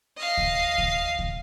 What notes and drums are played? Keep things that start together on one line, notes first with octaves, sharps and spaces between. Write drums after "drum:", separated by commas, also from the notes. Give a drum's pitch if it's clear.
D#5 F5
drum: kick D2
drum: kick D2
drum: kick D2